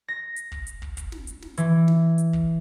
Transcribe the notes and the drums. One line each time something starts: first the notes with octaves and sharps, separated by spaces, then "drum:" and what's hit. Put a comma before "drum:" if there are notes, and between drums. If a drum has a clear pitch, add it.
A#6
drum: hi-hat
drum: kick
drum: hi-hat
drum: kick
drum: kick, hi-hat
drum: snare
drum: hi-hat
drum: snare
E3, drum: hi-hat
drum: snare
drum: hi-hat
drum: kick